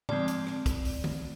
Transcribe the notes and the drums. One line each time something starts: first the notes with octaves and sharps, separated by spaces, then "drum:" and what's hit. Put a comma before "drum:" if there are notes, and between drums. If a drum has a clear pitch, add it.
D3 F3 G#3 C4 D5, drum: tom A2
drum: hi-hat
drum: rim click
drum: kick, hi-hat
drum: open hi-hat
drum: tom D3